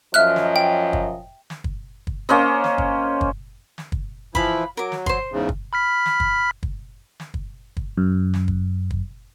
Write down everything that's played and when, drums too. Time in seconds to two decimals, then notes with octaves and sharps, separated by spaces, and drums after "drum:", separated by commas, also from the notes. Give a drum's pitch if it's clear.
0.14 F#2 F3 D#5 E5 F6 F#6
0.36 drum: snare
0.56 G5
0.93 drum: kick
1.50 drum: snare
1.64 drum: kick
2.07 drum: kick
2.29 A#3 C#4 C5 D#5
2.64 drum: snare
2.78 drum: kick
3.21 drum: kick
3.78 drum: snare
3.92 drum: kick
4.35 E3 F3 E4 F5 B5, drum: kick
4.77 F#3 A#4 D6
4.92 drum: snare
5.06 C5 C6, drum: kick
5.32 E2 G#2 C#3
5.49 drum: kick
5.73 B5 F6 B6
6.06 drum: snare
6.20 drum: kick
6.63 drum: kick
7.20 drum: snare
7.34 drum: kick
7.77 drum: kick
7.97 F#2
8.34 drum: snare
8.48 drum: kick
8.91 drum: kick